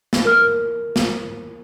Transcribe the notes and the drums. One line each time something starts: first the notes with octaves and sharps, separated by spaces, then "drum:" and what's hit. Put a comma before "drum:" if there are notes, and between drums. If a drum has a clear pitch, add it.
drum: snare
A#4 F6
drum: snare